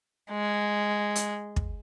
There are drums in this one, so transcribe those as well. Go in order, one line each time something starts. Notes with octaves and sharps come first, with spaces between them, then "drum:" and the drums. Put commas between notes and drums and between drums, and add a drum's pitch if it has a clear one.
G#3
drum: hi-hat
drum: kick